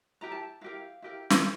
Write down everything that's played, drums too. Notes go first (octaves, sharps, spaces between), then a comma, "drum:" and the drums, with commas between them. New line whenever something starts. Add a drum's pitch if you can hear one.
E4 G4 A#4 A#5
A5
E4 G4 A#4 F5
E4 G4 A#4
drum: snare